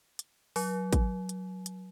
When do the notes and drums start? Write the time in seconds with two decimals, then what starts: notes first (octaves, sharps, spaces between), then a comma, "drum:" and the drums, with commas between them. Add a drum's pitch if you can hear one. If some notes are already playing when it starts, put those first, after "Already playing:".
0.19 drum: hi-hat
0.56 F#3, drum: open hi-hat
0.93 drum: kick, hi-hat
1.29 drum: hi-hat
1.66 drum: hi-hat